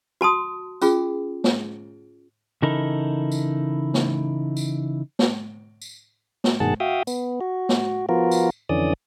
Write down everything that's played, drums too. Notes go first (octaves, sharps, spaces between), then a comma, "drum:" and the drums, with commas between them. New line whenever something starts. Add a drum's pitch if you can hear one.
F#4 A5 C6 D#6
C#4 F4 G#4, drum: tambourine
drum: snare
C#3 E3 D#4 E4 A4 A#4
drum: tambourine
drum: snare
drum: tambourine
drum: snare
drum: tambourine
drum: snare
G2 B2 D#3 G#4 F#5 A5
F#4 E5 F5 G5 D#6
B3, drum: tambourine
F#4
drum: snare
F3 B3 F4 F#4 A#4
drum: tambourine
F2 D3 E3 C#4 D5 D#6